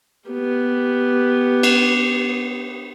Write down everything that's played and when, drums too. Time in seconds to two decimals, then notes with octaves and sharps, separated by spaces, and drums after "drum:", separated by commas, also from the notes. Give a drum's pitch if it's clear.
0.30 B3 G4
1.63 drum: cymbal